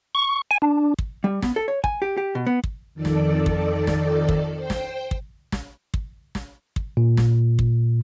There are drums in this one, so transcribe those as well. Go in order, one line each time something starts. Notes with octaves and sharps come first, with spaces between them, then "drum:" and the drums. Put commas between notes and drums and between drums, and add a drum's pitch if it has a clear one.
C#6
G#5
D4
drum: kick
G3
B3, drum: snare
A4
C#5
G#5, drum: kick
G4
G4
B2
B3
drum: kick
F2 D#3 A4 D5
drum: snare
drum: kick
drum: snare
drum: kick
C5 G5
drum: snare
drum: kick
drum: snare
drum: kick
drum: snare
drum: kick
A#2
drum: snare
drum: kick